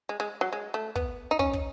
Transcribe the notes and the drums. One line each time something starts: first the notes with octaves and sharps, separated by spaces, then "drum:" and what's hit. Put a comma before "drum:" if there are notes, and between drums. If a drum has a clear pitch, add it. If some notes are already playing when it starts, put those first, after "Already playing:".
G#3
G#3
F#3
G#3
A3
B3, drum: kick
D#4
C#4, drum: kick
drum: kick